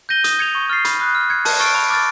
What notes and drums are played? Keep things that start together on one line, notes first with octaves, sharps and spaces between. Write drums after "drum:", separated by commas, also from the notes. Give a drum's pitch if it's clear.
G6 A#6 D#7 G7
D#6, drum: hi-hat
G#6 C#7 F7
C#6
F6 A6 C7
B5, drum: hi-hat
D#6 F#6
F6
G#6 C#7
A5, drum: open hi-hat
C#6 F6 A6 D7
B5
D6 F6 A6